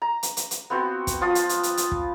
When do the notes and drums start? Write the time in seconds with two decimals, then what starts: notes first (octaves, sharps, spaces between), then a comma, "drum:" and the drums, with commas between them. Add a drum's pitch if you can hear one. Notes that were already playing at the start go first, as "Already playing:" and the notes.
0.02 A#5
0.23 drum: hi-hat
0.37 drum: hi-hat
0.51 drum: hi-hat
0.70 B3 C4 F#4
1.07 drum: kick, hi-hat
1.21 F3 F4 A5 D#6
1.35 drum: hi-hat
1.49 drum: hi-hat
1.63 drum: hi-hat
1.77 drum: hi-hat
1.91 drum: kick